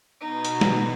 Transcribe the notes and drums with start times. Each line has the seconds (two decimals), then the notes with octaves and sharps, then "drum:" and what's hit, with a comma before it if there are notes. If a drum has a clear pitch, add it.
0.21 B2 D#4
0.45 drum: hi-hat
0.61 drum: snare